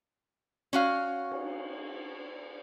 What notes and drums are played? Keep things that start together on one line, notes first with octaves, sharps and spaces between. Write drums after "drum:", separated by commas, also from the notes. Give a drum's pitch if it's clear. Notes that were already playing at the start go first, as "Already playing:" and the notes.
C#4 F#4 F5
drum: cymbal